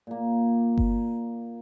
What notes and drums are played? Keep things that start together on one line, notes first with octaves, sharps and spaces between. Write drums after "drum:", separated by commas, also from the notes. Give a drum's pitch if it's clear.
A#2 A#3
drum: kick G1